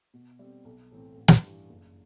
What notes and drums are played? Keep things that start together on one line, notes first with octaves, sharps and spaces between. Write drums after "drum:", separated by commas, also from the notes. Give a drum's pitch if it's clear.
B2
G3 C4
B1
A2 E3 A3 C4
A1
drum: snare
G2 E3
F#1